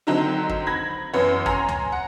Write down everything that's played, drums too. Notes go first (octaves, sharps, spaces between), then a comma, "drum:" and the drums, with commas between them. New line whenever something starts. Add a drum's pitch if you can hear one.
D3 D#3 F#3 C4 D#4
drum: kick
B5 G#6 A#6
F#2 E3 B3 C#5
G#5 A#5 C6, drum: kick
drum: tom
F#5